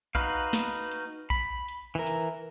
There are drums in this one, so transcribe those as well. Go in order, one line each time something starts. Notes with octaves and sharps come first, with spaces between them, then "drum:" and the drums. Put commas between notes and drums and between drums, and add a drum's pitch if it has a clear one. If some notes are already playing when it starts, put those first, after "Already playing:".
D#4 F#4 B4 F5, drum: kick A#1, hi-hat
drum: snare
drum: hi-hat
B5, drum: kick A#1, hi-hat
drum: hi-hat
E3 A#4
drum: hi-hat